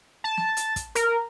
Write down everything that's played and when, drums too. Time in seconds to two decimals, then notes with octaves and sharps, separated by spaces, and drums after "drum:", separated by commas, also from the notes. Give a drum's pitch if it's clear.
0.24 A5
0.37 drum: snare
0.57 drum: hi-hat
0.76 drum: kick, hi-hat
0.95 A#4, drum: hi-hat